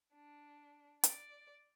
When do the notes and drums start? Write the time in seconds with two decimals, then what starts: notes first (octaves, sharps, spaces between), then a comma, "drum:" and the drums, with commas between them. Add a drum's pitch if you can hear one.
0.15 D4
1.04 D5, drum: hi-hat